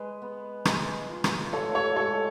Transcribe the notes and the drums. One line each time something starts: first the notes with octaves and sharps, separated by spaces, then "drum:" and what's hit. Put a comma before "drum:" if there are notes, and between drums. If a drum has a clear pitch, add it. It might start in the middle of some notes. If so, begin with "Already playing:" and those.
Already playing: G#3 B4
B3
G#3, drum: rim click
F4
drum: rim click
A2 A4 C#5
A4 C#5
G#3 A4 C#5